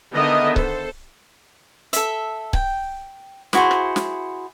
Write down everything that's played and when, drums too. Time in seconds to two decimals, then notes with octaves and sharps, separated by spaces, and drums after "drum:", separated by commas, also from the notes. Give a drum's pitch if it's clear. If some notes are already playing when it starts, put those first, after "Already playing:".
0.14 D3 D#3 B3 A#4 D#5 E5
0.56 A4 C5, drum: kick C#1
1.93 A4 E5, drum: hi-hat
2.53 G5, drum: kick C#1
3.53 E4 F#4 G#4 C5, drum: snare
3.71 drum: rim click
3.96 drum: snare